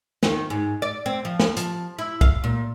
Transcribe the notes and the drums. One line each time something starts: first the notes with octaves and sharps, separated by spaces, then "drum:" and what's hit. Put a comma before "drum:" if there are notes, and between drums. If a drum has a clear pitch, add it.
D#3, drum: snare
G#2
D5
C4
F3
drum: snare
F3, drum: hi-hat
E4
F5, drum: kick
A#2